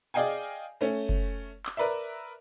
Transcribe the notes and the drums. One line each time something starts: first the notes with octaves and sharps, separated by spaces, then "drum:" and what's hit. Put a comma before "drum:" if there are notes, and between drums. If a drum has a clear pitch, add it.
G#4 D5 D#5 F5 G5 G#5
A3 C#4
drum: kick F#1
drum: clap
A#4 B4 D5 E5